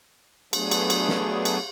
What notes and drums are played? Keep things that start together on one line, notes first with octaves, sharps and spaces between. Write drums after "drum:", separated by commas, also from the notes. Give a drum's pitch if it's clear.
F#3 A3 B3 D4 G#4, drum: cymbal
drum: cymbal
drum: cymbal
drum: snare
drum: cymbal